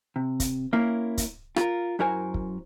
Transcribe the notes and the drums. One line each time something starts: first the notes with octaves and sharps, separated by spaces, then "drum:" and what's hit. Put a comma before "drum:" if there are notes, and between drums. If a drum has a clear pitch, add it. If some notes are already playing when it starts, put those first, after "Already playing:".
C3
drum: kick, hi-hat
A#3 C#4 E4 A#4
drum: kick, hi-hat
F4 A#4, drum: rim click
F#2 E4 F#4 A#4 C5 G#5
drum: kick